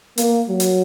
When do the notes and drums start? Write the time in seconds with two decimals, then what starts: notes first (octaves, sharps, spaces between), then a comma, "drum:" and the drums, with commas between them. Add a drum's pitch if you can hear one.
0.18 A#3, drum: hi-hat
0.49 F#3
0.60 drum: hi-hat